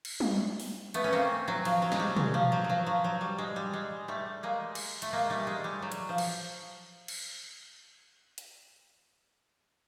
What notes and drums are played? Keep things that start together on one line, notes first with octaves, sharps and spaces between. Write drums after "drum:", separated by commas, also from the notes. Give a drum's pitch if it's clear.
drum: cymbal
drum: tom
drum: open hi-hat
A3 B3, drum: hi-hat
C#4
A#3 C4
F#3
F3, drum: cymbal
F#3
G#3, drum: snare
G3
F#3, drum: tom
F3
F#3
F3
F#3
F3
F#3
G3
G#3
G3
G#3
G3 A3
G#3 A#3
drum: cymbal
A3, drum: hi-hat
G#3 A#3
G3 A3
G#3
G3
F#3
drum: hi-hat
F3
drum: cymbal
drum: cymbal
drum: hi-hat